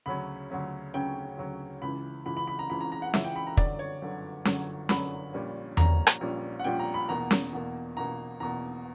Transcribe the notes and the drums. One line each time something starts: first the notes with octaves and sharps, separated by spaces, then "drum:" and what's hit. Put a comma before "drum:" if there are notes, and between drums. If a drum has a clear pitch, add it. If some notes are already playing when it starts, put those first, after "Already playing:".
D2 C#3 F#3 C#4 B5
D2 C#3 F#3 C#4
D2 C#3 F#3 C#4 G5
D2 C#3 F#3 C#4
C#2 C#3 E3 B5
C#2 C#3 E3 B5
B5
B5
A#5
C#2 C#3 E3 B5
A#5
A#5
F#5
C#2 C#3 E3 E5, drum: snare C#4
G5
B5
A#5
G1 F#2 D3 F#3 D5, drum: kick
C#5
G1 F#2 D3 F#3
G1 F#2 D3 F#3, drum: snare C#4
G1 F#2 D3 F#3 B5, drum: snare C#4
A#1 A#2 G3 C#4
A#1 A#2 G3 C#4 A#5, drum: tom E2
drum: rim click
A#1 A#2 G3 C#4
F#5
A#1 A#2 G3 C#4 G5
A#5
B5
E2 B2 A#3 A#5
drum: snare C#4
E2 B2 A#3
E2 B2 A#3 A#5
E2 B2 A#3 A#5